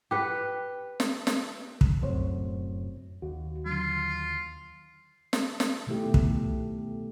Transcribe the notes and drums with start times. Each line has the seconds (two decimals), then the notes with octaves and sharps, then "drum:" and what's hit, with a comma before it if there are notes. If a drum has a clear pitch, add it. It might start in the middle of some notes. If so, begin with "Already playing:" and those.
0.11 G4 B4
1.00 drum: snare
1.27 drum: snare
1.81 drum: kick
2.02 F1 F#2 A2 C4 C5 C#5
3.22 D#2 F#4
3.66 D3 F#3 F4
5.33 drum: snare
5.60 drum: snare
5.87 B2 D#3 A3 E4 G4
6.14 drum: kick